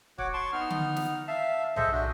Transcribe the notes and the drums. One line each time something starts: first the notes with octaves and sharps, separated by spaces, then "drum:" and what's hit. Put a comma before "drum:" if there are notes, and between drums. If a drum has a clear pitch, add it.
F#4 C#5 F#5 D6, drum: kick
A5 C6 C#6
B3 D#4 F6
drum: tom D3
drum: snare
E5 F5 A5
G#4 A4 C5 D#5 E5, drum: tom B1
D4 F#4 D#5